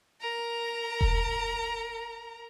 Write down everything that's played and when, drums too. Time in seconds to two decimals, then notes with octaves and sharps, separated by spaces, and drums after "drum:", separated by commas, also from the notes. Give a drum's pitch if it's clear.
0.21 A#4 A#5
1.01 drum: kick E1